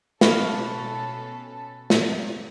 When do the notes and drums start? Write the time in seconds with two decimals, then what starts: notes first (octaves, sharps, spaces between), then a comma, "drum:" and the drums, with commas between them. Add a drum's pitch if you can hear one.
0.21 B2 C#4 A4 B4 F5 C#6, drum: snare
1.90 drum: snare